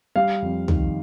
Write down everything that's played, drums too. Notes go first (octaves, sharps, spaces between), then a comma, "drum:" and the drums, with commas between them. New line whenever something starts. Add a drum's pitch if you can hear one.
G3 F5
F2
D#3, drum: tom